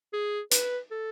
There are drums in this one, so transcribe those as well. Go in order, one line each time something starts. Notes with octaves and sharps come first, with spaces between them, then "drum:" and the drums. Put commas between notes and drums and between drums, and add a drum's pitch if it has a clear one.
G#4
B4, drum: hi-hat
A4